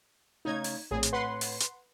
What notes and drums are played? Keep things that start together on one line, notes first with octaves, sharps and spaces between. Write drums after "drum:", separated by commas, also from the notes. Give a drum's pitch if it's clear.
C#3 A3 D#4 G#6
drum: open hi-hat
A#1 A2 C4 G#4
drum: hi-hat
B4 F#5 C6
drum: open hi-hat
drum: hi-hat